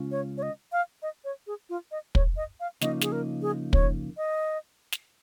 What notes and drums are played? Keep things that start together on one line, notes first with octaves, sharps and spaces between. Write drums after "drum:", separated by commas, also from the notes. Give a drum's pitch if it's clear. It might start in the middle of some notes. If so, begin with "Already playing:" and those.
Already playing: C#2 C#3 G#3 C#4 F4
C#5
C#5
D#5
F5
D#5
C#5
G#4
F4
D#5
C#5, drum: kick
D#5
F5
C#3 F3 A#3 D#4 D#5, drum: snare
G#4, drum: snare
A#4
G#4
C#5, drum: kick
D#5
drum: snare